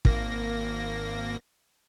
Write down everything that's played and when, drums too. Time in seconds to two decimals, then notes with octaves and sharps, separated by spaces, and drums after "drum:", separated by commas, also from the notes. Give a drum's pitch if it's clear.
0.05 G#1 A#3 A#6, drum: kick